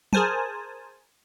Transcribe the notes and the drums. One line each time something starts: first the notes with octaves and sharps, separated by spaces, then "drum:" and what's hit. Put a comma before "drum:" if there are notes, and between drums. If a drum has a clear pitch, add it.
G#4 A#4 C5 G#5 A5, drum: tom